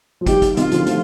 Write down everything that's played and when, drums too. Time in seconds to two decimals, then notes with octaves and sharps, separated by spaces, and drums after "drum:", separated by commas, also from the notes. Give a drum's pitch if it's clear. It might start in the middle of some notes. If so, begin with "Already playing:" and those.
0.21 F3
0.26 D#3 G3 G4, drum: kick, hi-hat
0.42 drum: kick, hi-hat
0.57 C3 D#3 F4, drum: hi-hat
0.71 D3 F3, drum: hi-hat
0.86 F3 A3, drum: hi-hat